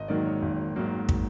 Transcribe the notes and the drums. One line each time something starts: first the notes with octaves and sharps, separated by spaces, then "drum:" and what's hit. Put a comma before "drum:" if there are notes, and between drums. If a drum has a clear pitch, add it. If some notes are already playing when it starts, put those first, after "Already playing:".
Already playing: G#1 D#5
G#2 D#3 F#3 A#3 D5
C#5
G#1
G#2 D#3 F#3 A#3
drum: kick